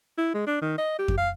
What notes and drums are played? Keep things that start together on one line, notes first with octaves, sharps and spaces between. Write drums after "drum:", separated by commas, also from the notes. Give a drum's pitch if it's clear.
E4
G#3
D4
D#3
D#5
G4
drum: kick F2
F5